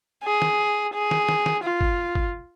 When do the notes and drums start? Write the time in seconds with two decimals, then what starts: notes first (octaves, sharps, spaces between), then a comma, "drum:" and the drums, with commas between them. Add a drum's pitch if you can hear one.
0.24 G#4
0.42 drum: snare
0.94 G#4
1.11 drum: snare
1.29 drum: snare
1.46 drum: snare
1.63 F4
1.81 drum: kick
2.15 drum: kick